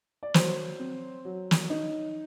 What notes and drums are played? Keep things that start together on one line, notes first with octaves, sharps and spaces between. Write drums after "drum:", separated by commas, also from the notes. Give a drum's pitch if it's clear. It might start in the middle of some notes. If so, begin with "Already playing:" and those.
D5
F#3 C5, drum: snare
C4
F#3
drum: snare
D#4